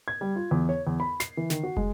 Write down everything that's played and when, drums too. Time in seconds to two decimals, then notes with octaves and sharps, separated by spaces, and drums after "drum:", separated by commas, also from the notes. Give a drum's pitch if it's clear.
0.08 G#6
0.21 G3
0.36 F4
0.51 E2
0.69 C#5
0.87 E2
1.00 B5
1.20 C7, drum: snare
1.37 E3
1.50 D#3, drum: snare
1.63 F#4
1.77 G#3, drum: kick